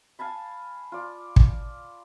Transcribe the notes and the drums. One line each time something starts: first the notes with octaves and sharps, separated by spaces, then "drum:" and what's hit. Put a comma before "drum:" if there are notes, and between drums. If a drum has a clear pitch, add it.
F5 G#5 A5 B5
F4 D5
drum: kick